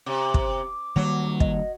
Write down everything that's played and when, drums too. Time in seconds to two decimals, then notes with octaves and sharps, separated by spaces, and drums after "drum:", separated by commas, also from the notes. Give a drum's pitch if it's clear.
0.06 C3 D6
0.34 drum: kick
0.96 D#3 F#3 G3 A#3
1.40 D#5, drum: kick